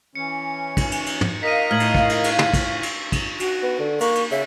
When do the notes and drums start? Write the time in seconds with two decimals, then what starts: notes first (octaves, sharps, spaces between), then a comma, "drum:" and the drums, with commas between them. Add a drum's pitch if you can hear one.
0.15 E3 C#4 C#7
0.77 drum: kick, cymbal
0.92 drum: cymbal
1.06 drum: cymbal
1.21 drum: tom
1.43 A#4 D#5 F5 A#5 B6 D#7
1.71 A2 F6 G#6 F#7
1.80 drum: cymbal
1.95 drum: kick
2.09 drum: cymbal
2.24 drum: cymbal
2.39 drum: tom
2.53 drum: kick, cymbal
2.83 drum: cymbal
3.12 drum: kick, cymbal
3.40 F#4, drum: cymbal
3.63 B3
3.80 D3
4.01 A#3 C#6, drum: cymbal
4.15 drum: cymbal
4.31 C#3 E5